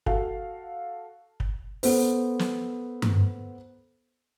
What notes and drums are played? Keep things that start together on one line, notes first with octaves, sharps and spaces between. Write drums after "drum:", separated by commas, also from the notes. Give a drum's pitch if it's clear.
F#4 A4 F5, drum: kick
drum: kick
B3 A4 C5, drum: open hi-hat
drum: snare
drum: tom G2